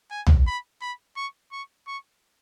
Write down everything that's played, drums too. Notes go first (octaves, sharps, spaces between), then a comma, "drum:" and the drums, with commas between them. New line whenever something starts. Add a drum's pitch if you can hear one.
G#5
drum: tom B1
B5
B5
C#6
C#6
C#6